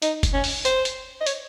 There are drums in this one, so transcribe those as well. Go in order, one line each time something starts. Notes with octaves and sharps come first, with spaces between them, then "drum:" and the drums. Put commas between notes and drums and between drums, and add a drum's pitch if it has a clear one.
D#4, drum: hi-hat
drum: kick F1, hi-hat
C#4
drum: open hi-hat
C5, drum: hi-hat
drum: hi-hat
D#5
C#5, drum: hi-hat